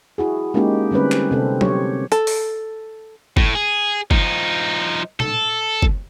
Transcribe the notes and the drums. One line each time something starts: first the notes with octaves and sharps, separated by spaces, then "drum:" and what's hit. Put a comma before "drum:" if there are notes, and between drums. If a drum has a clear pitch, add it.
E4 F#4 G#4
G#3 A#3 C#4 D#4 G4
D3 G3 C4 C#4 B4
drum: clap
C3 C4 A4
G4 C#5, drum: tom F#3
A4, drum: hi-hat
drum: open hi-hat
A2, drum: kick F#1
G#4
F3 D#4, drum: kick F#1
A4, drum: tom A#2
drum: kick F#1